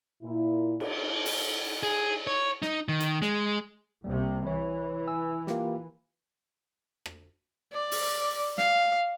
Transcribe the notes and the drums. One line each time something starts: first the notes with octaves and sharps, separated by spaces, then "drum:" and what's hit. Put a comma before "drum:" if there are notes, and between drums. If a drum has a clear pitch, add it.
A#2 E4
drum: cymbal
drum: open hi-hat
G#4
C#5
D#4, drum: snare
D#3
drum: hi-hat
G#3, drum: snare
C2 C3 G3 A#3
E3 C#5
G#5 E6
A#3 F4 G4, drum: snare
drum: rim click
D5
drum: open hi-hat
F5, drum: snare